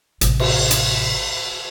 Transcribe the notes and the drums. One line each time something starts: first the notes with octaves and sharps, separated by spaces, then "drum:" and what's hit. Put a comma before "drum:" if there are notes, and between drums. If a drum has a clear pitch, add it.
A1 C3, drum: hi-hat
drum: cymbal
drum: hi-hat